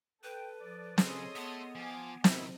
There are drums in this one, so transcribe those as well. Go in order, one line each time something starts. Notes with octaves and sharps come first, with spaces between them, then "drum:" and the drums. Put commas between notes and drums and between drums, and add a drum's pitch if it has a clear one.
A4 B4 G5
F3 D5
C#3 G#4 A4 C#5 D#5 C6 D#6, drum: snare
B3 E5 A5
F3 G#5 D6
C3 D#3 E4 D#5, drum: snare